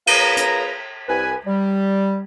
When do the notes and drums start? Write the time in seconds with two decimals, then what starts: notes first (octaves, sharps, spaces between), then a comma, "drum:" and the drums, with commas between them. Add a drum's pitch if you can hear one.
0.07 A#3 F4 G#4 B4 C#5 A#5, drum: cymbal
0.37 drum: hi-hat
1.08 C2 B4 G#5
1.46 G3